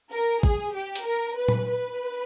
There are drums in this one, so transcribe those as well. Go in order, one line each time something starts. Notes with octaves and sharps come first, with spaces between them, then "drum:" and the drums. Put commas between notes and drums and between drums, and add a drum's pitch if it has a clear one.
A#4
G#4, drum: kick
G4
drum: hi-hat
A#4
B4
drum: tom A#2
B4